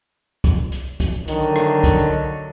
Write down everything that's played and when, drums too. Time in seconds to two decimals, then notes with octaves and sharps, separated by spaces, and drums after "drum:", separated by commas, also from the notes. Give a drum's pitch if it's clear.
0.44 drum: kick, hi-hat
0.72 drum: hi-hat
1.00 drum: kick, hi-hat
1.28 D3 D#3 F#3, drum: hi-hat
1.56 drum: rim click
1.84 drum: kick, hi-hat